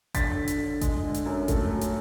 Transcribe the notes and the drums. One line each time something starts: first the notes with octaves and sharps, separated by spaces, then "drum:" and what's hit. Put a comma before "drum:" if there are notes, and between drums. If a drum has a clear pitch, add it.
D3 A6 B6, drum: kick G#1, hi-hat
D3
drum: hi-hat
D3
G#3, drum: kick G#1, hi-hat
D3
drum: hi-hat
F#2
A3, drum: kick G#1, hi-hat
F#3
drum: hi-hat